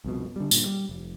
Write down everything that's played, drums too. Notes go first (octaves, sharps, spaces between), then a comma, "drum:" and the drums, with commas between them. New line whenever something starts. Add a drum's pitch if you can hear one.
C2 F2 B2
D3 G3
G2 A#2, drum: tambourine
G3
F1